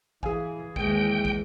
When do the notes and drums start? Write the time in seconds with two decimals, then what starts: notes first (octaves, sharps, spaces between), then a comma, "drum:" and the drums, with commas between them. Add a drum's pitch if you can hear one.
0.23 E3 G#4 F5 G#5, drum: kick
0.76 D#2 E3 G#3 G5, drum: kick
1.25 drum: kick